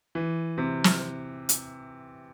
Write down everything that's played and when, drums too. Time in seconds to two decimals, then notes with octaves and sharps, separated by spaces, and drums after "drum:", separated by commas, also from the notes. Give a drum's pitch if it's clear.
0.15 E3
0.58 C3
0.84 drum: snare
1.49 drum: hi-hat